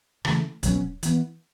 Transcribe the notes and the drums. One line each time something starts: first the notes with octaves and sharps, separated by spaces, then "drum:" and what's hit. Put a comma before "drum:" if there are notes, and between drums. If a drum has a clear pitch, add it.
C#3 E3 A3, drum: rim click
B2 F#3 C#4, drum: kick, hi-hat
E3 B3, drum: hi-hat